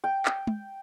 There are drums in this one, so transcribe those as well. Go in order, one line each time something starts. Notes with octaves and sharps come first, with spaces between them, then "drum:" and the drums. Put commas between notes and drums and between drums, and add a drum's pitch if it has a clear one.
G5
drum: clap
drum: tom